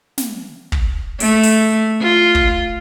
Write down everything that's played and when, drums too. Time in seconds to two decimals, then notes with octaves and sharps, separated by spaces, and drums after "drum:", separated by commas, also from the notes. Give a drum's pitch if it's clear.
0.18 drum: snare
0.72 drum: kick
1.20 A3, drum: open hi-hat
1.43 drum: open hi-hat
2.02 F4
2.35 drum: kick